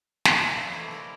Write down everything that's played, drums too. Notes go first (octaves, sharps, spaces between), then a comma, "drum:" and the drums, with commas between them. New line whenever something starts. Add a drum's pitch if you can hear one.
drum: snare
E5
C3 E3 G3 F4 D5 D#5
G#3 A3 E4 D#5
E4 A#4 D5